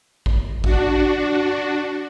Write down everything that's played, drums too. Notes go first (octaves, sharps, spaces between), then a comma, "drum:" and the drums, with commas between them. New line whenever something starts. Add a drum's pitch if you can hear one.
drum: kick A1
D4 F#4, drum: kick A1